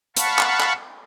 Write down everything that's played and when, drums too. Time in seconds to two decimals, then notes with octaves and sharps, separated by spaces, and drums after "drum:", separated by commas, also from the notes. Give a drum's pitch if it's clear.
0.17 F5 F#5 A5 B5 C#6, drum: hi-hat
0.38 drum: clap
0.60 drum: clap